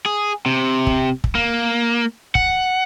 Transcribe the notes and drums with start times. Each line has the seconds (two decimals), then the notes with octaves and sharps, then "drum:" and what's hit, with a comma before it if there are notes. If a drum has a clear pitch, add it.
0.06 G#4
0.46 C3
0.87 drum: kick
1.24 drum: kick
1.35 A#3
2.35 F#5, drum: kick